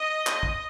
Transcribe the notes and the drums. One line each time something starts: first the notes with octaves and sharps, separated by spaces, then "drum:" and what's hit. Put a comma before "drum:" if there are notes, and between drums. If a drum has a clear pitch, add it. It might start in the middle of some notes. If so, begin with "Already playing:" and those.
Already playing: D#5
drum: clap
drum: kick